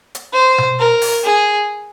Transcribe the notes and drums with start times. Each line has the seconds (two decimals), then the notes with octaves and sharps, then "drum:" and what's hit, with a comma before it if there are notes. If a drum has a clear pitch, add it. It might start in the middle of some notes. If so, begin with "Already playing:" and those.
0.15 drum: hi-hat
0.33 C5
0.58 drum: tom B2
0.79 A#4
1.02 drum: open hi-hat
1.24 G#4